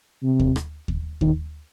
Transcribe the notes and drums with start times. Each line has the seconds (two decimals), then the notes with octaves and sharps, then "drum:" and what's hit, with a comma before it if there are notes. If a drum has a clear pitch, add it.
0.23 C3
0.39 drum: kick D#2
0.56 drum: rim click
0.88 drum: kick D#2
1.21 D#3, drum: kick D#2